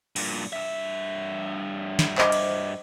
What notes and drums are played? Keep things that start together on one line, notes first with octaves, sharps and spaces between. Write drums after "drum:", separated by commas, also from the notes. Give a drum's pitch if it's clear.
G2 A#2, drum: cymbal
G2 E5
drum: snare
C5 D#5 D6, drum: clap
drum: cymbal